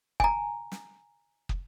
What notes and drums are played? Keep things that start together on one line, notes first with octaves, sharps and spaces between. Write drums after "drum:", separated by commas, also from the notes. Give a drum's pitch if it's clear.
G#5 A#5, drum: kick
drum: snare
drum: kick